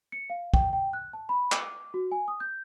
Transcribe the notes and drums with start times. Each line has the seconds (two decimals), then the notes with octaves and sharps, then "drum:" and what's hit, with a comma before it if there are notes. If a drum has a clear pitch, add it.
0.12 C#7
0.30 F5
0.54 G5, drum: kick
0.73 G5
0.93 F#6
1.13 A5
1.29 B5
1.52 D6, drum: clap
1.94 F#4
2.12 G#5
2.28 D#6
2.40 G6